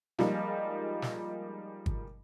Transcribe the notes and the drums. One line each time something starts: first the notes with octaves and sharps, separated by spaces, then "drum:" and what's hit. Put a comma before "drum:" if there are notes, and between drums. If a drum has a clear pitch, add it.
F3 G3 G#3 A#3 D#4 F4, drum: snare
drum: snare
drum: kick G1